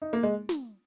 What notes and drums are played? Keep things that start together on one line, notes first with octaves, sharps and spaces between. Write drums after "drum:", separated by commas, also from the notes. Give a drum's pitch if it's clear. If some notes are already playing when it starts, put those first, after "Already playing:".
D#4
A#3
G#3
drum: snare